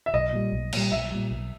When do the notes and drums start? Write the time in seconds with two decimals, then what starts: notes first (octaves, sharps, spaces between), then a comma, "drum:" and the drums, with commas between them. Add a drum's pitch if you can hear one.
0.06 E5
0.14 B1 D#5
0.33 A#2 G3
0.52 B1
0.73 A#2 G3, drum: cymbal
0.91 B1 E5
1.11 A#2 G3
1.31 B1